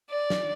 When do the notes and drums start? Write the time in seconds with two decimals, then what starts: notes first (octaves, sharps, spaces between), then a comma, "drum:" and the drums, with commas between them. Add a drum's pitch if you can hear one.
0.11 D5
0.30 drum: snare